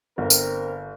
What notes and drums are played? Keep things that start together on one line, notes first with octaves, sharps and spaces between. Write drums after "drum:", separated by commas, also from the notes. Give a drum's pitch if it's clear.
G1 C4 A#4
drum: tambourine